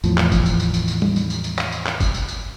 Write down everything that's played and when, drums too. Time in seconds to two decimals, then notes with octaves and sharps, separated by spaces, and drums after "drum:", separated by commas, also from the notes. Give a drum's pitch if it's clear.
0.04 E2 A2 F3, drum: tambourine
0.18 drum: clap
0.32 drum: kick, tambourine
0.46 drum: tambourine
0.60 drum: tambourine
0.74 drum: tambourine
0.88 drum: tambourine
1.02 drum: tom
1.16 drum: tambourine
1.30 drum: tambourine
1.44 drum: tambourine
1.58 drum: clap
1.72 drum: tambourine
1.86 drum: clap
2.00 drum: kick, tambourine
2.14 drum: tambourine
2.28 drum: tambourine